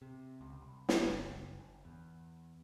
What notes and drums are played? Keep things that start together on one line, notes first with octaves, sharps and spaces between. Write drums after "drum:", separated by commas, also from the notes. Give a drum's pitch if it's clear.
C3
C#2
C2
drum: snare
F#1
G1
E2